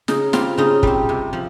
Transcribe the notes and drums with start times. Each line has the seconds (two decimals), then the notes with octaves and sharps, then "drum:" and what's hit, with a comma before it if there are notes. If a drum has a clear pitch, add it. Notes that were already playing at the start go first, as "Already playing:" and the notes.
0.08 C#3 D#4, drum: snare
0.33 G3 C4 F4, drum: snare
0.58 C#3 D#4
0.83 G3 C4, drum: kick
1.09 C3
1.33 F3